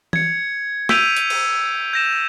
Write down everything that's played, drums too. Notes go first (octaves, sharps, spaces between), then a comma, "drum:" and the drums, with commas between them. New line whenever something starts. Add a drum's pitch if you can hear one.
G#6 C#7, drum: tom E3
E6 G6 B6 D7 D#7 F7, drum: snare
drum: hi-hat
drum: cymbal
G6 A#6 E7